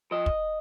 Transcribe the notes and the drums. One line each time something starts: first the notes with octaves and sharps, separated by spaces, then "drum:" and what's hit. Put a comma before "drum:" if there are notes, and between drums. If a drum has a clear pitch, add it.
F3 D#5
drum: kick